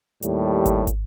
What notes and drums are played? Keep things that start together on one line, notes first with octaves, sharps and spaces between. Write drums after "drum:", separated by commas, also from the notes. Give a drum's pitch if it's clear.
D#2 A2 G3, drum: hi-hat
drum: kick, hi-hat
drum: kick, hi-hat